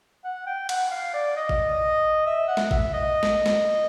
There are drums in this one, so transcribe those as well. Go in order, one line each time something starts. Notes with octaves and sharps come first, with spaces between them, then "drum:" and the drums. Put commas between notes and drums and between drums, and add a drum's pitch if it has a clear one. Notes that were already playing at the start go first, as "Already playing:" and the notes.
F#5
G5
F#5, drum: cymbal
F5
D5
D#5
drum: kick G#1
E5
F#5
drum: snare
E5, drum: kick G#1
D#5
drum: snare
drum: snare